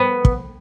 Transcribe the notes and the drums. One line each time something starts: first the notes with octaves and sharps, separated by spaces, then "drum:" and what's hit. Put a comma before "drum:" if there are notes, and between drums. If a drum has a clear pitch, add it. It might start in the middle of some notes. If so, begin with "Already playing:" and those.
Already playing: B3
drum: kick